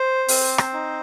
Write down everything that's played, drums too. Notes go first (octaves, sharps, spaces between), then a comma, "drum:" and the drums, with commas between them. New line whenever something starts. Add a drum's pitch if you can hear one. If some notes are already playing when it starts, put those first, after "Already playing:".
Already playing: C5
C4, drum: open hi-hat
drum: rim click
D#4